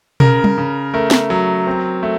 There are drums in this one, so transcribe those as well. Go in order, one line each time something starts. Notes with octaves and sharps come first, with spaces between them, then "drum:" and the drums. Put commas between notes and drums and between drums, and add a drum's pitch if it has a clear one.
C#3 A#4, drum: tom B2
drum: tom G3
C#3
A3 A#4
drum: snare
F#3
C4
A3